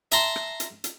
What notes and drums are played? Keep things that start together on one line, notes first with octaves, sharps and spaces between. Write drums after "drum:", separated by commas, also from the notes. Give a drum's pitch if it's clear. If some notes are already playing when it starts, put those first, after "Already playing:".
E5 A5 A#5 C6, drum: hi-hat
drum: rim click
drum: hi-hat
drum: hi-hat